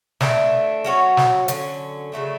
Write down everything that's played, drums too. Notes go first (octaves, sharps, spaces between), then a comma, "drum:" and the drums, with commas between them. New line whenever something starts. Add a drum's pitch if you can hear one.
E3 A3 D4, drum: snare
F#3 C#4 F#4 C#5
drum: snare
D3 F#3 C#4, drum: hi-hat
C#3 F#3 A3 D4